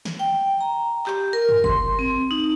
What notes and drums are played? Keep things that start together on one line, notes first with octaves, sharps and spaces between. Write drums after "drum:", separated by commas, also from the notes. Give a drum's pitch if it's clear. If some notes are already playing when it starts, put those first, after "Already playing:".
drum: snare
G5
A#5
G4, drum: clap
A#4
drum: tom F#2
C6, drum: kick G1
C4
D#4